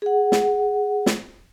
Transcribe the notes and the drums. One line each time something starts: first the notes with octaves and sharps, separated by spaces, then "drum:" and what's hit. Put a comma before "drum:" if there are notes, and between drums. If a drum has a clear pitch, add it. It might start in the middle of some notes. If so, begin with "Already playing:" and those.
G#4 F#5
drum: snare
drum: snare